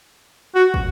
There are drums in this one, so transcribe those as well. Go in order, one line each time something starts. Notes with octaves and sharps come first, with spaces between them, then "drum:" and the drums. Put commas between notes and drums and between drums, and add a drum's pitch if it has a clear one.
F#4
drum: kick